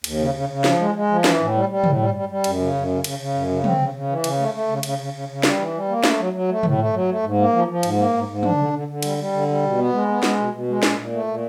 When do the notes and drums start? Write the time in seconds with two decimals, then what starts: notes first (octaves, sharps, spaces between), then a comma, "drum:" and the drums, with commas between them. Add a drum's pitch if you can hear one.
0.04 D#2, drum: cymbal
0.19 C#3
0.35 C#3
0.49 C#3
0.64 F3, drum: snare
0.79 G#3
0.95 G#3
1.09 F3
1.24 E3, drum: snare
1.39 A2
1.54 G3
1.69 G3
1.84 A2, drum: tom
1.99 G3
2.14 G3
2.29 G3
2.44 F#2, drum: cymbal
2.59 C#3
2.74 F#2
2.89 C#3
3.04 C#3, drum: cymbal
3.19 C#3
3.34 F#2
3.49 C#3
3.64 C4, drum: tom
3.79 C#3
3.94 C#3
4.09 E3
4.24 C#3, drum: cymbal
4.39 A3
4.54 A3
4.68 C#3
4.83 C#3, drum: cymbal
4.99 C#3
5.13 C#3
5.29 C#3
5.43 G3, drum: snare
5.58 E3
5.74 G3
5.88 A#3
6.04 A3, drum: snare
6.18 F#3
6.33 F#3
6.48 A3
6.63 A2, drum: tom
6.78 A3
6.93 F#3
7.08 A3
7.23 G#2
7.38 A#3
7.53 F3
7.68 F3
7.83 G#2, drum: cymbal
7.98 A#3
8.13 G#2
8.28 G#2
8.43 D4, drum: tom
8.58 D3
8.73 D3
8.88 D3
9.02 G3, drum: cymbal
9.18 G3
9.33 D3
9.48 G3
9.63 B2
9.78 B3
9.93 G#3
10.08 B3
10.23 G#3, drum: snare
10.38 B2
10.53 B2
10.68 G#3
10.83 A#2, drum: snare
10.98 A#2
11.12 A3
11.28 A#2